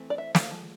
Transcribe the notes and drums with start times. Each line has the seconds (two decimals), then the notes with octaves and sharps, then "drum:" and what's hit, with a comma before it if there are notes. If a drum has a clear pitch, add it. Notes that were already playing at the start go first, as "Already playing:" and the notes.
Already playing: E3 A3 C4
0.10 D5
0.18 E5
0.35 F5, drum: snare
0.51 F3 G#3